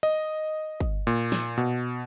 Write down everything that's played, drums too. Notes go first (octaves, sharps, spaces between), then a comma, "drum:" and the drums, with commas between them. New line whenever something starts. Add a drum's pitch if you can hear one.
D#5
drum: kick G1
A#2
drum: snare
B2